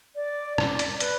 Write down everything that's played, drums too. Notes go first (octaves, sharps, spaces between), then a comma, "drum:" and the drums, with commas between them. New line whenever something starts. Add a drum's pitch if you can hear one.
D5
D5, drum: rim click
drum: hi-hat
B4, drum: hi-hat